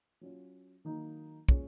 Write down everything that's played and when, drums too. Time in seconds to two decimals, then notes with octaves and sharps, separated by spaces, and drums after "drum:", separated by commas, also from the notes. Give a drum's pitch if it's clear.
0.21 F#3 C#4 F4
0.85 D#3 F#3 A#3 D#4
1.49 A#2 G#3 C#4, drum: kick